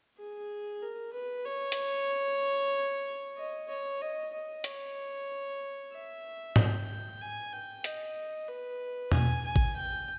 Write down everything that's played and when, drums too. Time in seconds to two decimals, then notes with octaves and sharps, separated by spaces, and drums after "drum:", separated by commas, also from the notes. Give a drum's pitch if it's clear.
0.18 G#4
0.82 A#4
1.13 B4
1.46 C#5
1.72 drum: hi-hat
3.37 D#5
3.68 C#5
4.01 D#5
4.33 D#5
4.64 C#5, drum: hi-hat
5.93 E5
6.56 G5, drum: tom G#2
7.21 G#5
7.52 G5
7.84 D#5, drum: hi-hat
8.48 B4
9.12 G#5, drum: tom
9.44 G#5
9.56 drum: kick
9.76 G5